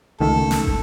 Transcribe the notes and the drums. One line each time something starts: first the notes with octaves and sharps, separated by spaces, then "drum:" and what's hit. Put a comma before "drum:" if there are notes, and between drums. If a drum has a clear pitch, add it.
C#2 D#3 A3 A4
drum: snare
drum: kick